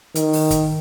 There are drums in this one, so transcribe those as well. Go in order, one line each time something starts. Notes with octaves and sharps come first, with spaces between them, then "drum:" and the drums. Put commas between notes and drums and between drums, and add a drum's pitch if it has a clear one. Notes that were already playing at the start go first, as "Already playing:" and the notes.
D#3, drum: hi-hat
drum: open hi-hat
drum: kick, hi-hat